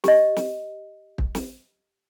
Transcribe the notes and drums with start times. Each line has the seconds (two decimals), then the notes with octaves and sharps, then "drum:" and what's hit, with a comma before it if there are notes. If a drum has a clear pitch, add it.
0.04 G4 D#5, drum: snare
0.36 drum: snare
1.18 drum: kick
1.35 drum: snare